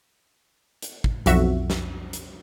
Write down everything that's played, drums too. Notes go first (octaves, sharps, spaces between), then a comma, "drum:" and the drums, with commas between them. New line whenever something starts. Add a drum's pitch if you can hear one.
drum: hi-hat
drum: kick
B1 F2 F#4 E5, drum: hi-hat
drum: snare
drum: hi-hat